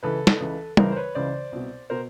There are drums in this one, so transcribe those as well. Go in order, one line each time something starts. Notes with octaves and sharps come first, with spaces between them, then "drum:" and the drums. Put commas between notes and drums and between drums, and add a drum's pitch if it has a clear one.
C#2 C#3 E3 A4 B4
drum: snare
C#2 C#3 E3
C#2 C#3 E3 A#4 C5, drum: tom
C5
B4 C#5
C#2 C#3 E3 C5 D5
C2 B2
B2 A#4 C5